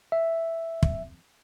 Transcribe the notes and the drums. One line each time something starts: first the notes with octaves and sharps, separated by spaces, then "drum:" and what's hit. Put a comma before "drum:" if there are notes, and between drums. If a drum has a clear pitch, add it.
E5
drum: kick